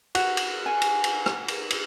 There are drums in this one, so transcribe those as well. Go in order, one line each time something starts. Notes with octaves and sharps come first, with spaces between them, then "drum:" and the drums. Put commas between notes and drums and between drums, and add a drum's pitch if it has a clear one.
F#4, drum: cymbal
drum: cymbal
G#5
drum: cymbal
drum: cymbal
drum: rim click
drum: cymbal
drum: cymbal